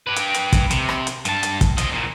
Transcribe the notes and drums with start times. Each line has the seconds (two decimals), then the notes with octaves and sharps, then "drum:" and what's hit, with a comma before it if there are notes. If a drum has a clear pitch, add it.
0.07 G4 B4
0.16 drum: hi-hat
0.34 drum: hi-hat
0.53 drum: kick, hi-hat
0.71 C3, drum: hi-hat
0.89 drum: rim click
1.07 drum: hi-hat
1.25 G2 A5, drum: hi-hat
1.43 drum: hi-hat
1.61 drum: kick, hi-hat
1.78 C4 D#5, drum: hi-hat
1.92 E2 A#2